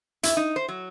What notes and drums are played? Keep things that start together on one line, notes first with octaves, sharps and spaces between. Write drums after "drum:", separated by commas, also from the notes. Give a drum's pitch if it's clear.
E4, drum: hi-hat
D#4
C5
F#3